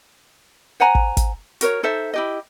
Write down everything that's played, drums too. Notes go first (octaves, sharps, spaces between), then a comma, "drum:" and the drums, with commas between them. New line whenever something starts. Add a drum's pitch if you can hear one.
C5 F#5 G#5 A#5
drum: kick
drum: kick, hi-hat
F#4 A#4 C#5, drum: hi-hat
D#4 A4 C5 E5
E4 G4 D#5